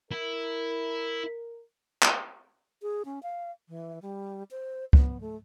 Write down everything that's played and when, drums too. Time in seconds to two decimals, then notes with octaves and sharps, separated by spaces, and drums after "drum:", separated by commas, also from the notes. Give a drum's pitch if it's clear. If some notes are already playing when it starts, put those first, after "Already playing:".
0.11 E4 A#4
2.02 drum: clap
2.82 G#4
3.05 C#4
3.23 F5
3.69 E3
4.02 G3
4.51 C5
4.93 B3, drum: kick
5.21 A3